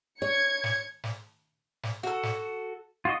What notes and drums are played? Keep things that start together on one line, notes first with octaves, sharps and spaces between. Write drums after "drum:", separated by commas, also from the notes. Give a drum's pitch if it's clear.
C#5 G#6 C#7
drum: snare
drum: snare
drum: snare
F#4 A4
drum: snare
F4 F#4 D#5